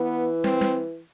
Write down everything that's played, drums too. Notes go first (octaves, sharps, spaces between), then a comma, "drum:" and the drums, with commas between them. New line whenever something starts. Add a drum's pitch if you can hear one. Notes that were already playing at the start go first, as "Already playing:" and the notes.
Already playing: E3 B3
C4, drum: snare
drum: snare